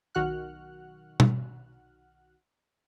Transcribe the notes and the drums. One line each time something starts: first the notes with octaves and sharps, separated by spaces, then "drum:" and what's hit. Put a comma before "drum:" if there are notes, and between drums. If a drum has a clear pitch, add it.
B1 D#3 F#4 F#5 F6 F#6
drum: tom B2